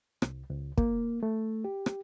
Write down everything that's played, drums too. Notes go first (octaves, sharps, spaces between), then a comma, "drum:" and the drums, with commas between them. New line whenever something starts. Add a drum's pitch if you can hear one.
C2, drum: rim click
C#2
A#3, drum: kick
A3
G4
drum: rim click